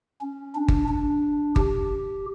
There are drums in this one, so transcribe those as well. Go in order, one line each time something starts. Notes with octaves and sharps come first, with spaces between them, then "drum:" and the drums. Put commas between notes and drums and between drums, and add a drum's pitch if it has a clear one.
C#4
D4
drum: kick G1
D4
G4, drum: kick G1